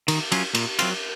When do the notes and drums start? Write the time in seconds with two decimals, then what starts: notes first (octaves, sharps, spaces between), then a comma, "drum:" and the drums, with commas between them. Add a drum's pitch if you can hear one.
0.08 D#3, drum: cymbal
0.32 F#3 C#4 F4, drum: cymbal
0.55 A#2, drum: cymbal
0.79 F#3 C4 F4, drum: cymbal